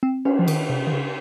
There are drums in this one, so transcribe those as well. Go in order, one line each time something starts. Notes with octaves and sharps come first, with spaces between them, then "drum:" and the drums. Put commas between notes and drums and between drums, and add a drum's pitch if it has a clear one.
C4
C#4, drum: cymbal
F3
D#3, drum: cymbal
C3
D#3
C#3